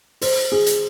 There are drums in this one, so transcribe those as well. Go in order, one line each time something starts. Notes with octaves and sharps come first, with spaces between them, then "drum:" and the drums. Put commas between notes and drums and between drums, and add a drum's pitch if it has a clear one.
C5, drum: open hi-hat
G#4
drum: hi-hat